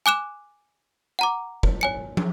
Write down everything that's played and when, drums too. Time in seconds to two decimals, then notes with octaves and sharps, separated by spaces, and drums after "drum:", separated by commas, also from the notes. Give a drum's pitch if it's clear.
0.06 G#5 D6 F#6 E7
1.19 F#5 A#5 D6
1.63 drum: kick
1.81 C#5 G#5 C#7
2.17 drum: tom